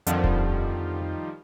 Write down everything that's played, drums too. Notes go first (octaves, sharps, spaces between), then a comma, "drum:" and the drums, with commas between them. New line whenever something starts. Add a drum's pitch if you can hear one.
F2 D3 D#3 F3 G3 F4, drum: hi-hat
drum: kick D#1